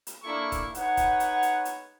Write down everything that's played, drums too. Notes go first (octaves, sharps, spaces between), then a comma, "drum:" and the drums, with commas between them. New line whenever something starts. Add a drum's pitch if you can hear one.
drum: hi-hat
A#3 D4 E4 A4 C#6
drum: kick, hi-hat
D#4 B4 C#5 F#5, drum: hi-hat
drum: kick, hi-hat
drum: hi-hat
drum: hi-hat
drum: hi-hat